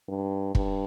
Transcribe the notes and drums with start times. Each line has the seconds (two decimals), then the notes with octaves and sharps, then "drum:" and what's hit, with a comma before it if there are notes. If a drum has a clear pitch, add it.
0.08 G2
0.55 G2, drum: kick